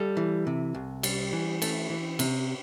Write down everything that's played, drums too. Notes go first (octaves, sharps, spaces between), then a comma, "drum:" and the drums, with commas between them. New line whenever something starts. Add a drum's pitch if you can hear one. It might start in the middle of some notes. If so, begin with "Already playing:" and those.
Already playing: G3 A4
E3
C3
C2
G3, drum: cymbal
E3
A3, drum: cymbal
E3
C3, drum: cymbal